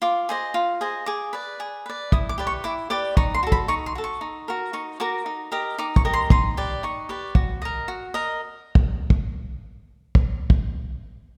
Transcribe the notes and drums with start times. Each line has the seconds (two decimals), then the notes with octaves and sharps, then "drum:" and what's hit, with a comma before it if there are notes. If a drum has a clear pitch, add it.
0.02 F4 D6
0.29 G#4 C5 D#5
0.54 F4
0.81 G#4 C5 D#5
1.06 G#4 D6
1.33 B4 D5
1.60 G#4
1.86 B4 D5
2.12 E4 D#6, drum: kick
2.29 D6
2.38 G4 B4 D5
2.47 C#6
2.64 E4 D6
2.90 G4 B4 D5 D6
3.17 D#4 C#6, drum: kick
3.34 C6
3.43 F#4 A4
3.52 B5, drum: kick
3.68 D#4 C#6
3.86 C6
3.95 F#4 A4
4.04 C#6
4.21 D#4
4.48 F#4 A#4
4.73 D#4 C#6
5.00 F#4 A#4 D6
5.26 D#4
5.52 G4 A#4 D#5
5.78 D#4 D6
5.96 C#6, drum: kick
6.05 G4 A#4 D#5
6.13 C6
6.30 D#4 C6, drum: kick
6.57 G4 B4 D5
6.83 D#4 C#6
7.09 G4 B4 D5
7.35 F#4, drum: kick
7.62 A#4 D#5
7.88 F#4
8.14 A#4 D#5
8.75 drum: kick
9.10 drum: kick
10.15 drum: kick
10.50 drum: kick